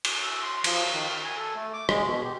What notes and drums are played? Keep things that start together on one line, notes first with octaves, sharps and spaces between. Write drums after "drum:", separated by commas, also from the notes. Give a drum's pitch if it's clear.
drum: cymbal
E6
C6
F3, drum: cymbal
D#3
F6
G#5
A4
A3
D6
G#3, drum: rim click
B2
G4